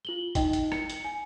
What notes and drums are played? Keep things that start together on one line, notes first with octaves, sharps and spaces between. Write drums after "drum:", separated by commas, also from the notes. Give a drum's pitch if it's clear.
F4 F#7 G7
D#4 D#5 G5, drum: kick, hi-hat
drum: hi-hat
C#7, drum: rim click
drum: hi-hat
G#5